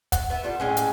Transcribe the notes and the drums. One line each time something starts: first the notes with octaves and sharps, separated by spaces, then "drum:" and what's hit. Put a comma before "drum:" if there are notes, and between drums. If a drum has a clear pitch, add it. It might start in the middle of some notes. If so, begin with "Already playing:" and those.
F#5, drum: kick, hi-hat
B3 E4
G3 F4 A4
A2 G#3 C#4
drum: hi-hat